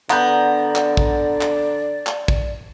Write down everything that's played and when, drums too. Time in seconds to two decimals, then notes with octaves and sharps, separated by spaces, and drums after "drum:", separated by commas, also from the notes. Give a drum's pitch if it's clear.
0.10 D3 B3 D5 A#5 G6, drum: clap
0.76 drum: clap
0.97 drum: kick
1.41 drum: clap
2.07 drum: clap
2.28 drum: kick